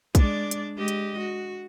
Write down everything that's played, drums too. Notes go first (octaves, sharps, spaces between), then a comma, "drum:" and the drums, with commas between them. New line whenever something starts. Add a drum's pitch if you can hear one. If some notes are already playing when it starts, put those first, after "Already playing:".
G#3 D4 D5, drum: kick, hi-hat
drum: hi-hat
G#3 G4 D#5
drum: hi-hat
F#4